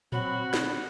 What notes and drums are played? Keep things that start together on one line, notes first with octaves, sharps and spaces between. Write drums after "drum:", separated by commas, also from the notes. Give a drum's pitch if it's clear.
F#3 C4 F#4 B5, drum: tom A2
D3, drum: snare